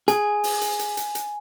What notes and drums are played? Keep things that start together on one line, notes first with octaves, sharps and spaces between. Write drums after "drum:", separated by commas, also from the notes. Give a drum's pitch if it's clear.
G#4 G#5, drum: hi-hat
drum: open hi-hat
drum: hi-hat
drum: hi-hat
drum: hi-hat
drum: hi-hat